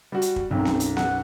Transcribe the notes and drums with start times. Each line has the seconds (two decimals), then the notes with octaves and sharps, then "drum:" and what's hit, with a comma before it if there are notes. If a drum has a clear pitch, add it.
0.12 G3 F#4
0.22 drum: hi-hat
0.36 drum: kick
0.51 B1 F#2 C4
0.65 drum: snare B3
0.80 drum: hi-hat
0.97 F#5, drum: snare B3